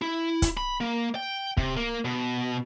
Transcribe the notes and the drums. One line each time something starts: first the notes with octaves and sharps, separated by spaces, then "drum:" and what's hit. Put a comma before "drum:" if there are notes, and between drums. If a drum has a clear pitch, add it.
E4
drum: kick, hi-hat
B5
A#3
G5
C3, drum: kick
A#3
B2